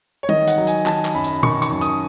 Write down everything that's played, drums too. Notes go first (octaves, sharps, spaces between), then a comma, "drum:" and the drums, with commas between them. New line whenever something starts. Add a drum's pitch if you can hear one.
C#5
D#3 D#5, drum: tom
F#5, drum: hi-hat
F#3
G#5, drum: hi-hat
D#3 A5, drum: clap
drum: clap
F#2 B5
drum: hi-hat
D#3 C#6, drum: tom
C#6, drum: hi-hat
F#2
D#6, drum: hi-hat